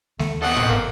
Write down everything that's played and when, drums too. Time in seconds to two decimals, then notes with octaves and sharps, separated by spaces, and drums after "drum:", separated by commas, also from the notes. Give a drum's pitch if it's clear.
0.19 D#2 A3, drum: snare G#3
0.42 B3 C4 A4 D#5 F#5
0.57 drum: tom A2
0.69 G#1 A#3